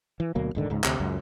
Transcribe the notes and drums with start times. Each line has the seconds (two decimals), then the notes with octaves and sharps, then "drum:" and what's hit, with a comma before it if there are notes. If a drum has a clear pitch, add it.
0.20 E3
0.35 D2 B2 F#3 A#3
0.55 D#1 G#2 D3 D#3
0.70 C#2 G#2
0.84 D2 C3, drum: clap
1.00 C#2 F#2